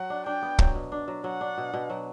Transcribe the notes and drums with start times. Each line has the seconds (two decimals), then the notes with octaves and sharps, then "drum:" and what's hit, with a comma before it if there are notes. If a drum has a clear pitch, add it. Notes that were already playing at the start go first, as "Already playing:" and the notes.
Already playing: F#3 F#5
0.10 D4
0.26 D4 G5
0.42 B3
0.59 F#3, drum: kick
0.75 B2
0.92 D4
1.08 F#3
1.24 F#3 F#5
1.41 D4
1.58 B2
1.74 B2
1.90 F#3